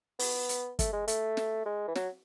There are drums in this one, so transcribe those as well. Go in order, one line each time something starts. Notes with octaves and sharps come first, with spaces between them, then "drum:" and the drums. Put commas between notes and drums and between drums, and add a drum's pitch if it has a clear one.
B3, drum: open hi-hat
drum: hi-hat
A3, drum: kick, hi-hat
G#3
A3, drum: hi-hat
drum: snare
G#3
E3
F#3, drum: snare